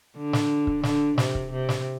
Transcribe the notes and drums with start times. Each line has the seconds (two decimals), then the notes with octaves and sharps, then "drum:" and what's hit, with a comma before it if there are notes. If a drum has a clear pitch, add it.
0.17 D3
0.33 drum: snare
0.67 drum: kick
0.83 D3, drum: snare
1.18 C3, drum: snare
1.35 drum: kick
1.52 C3
1.69 drum: snare